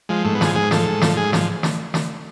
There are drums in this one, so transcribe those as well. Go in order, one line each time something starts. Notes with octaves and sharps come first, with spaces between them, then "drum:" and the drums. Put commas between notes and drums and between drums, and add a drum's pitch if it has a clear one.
F3 G#3
G#2 A3
B3
F3 G#4, drum: snare
G#2 G#4
F3 A4, drum: snare
G#2
F3, drum: snare
G#2 G#4
F3, drum: snare
drum: snare
drum: snare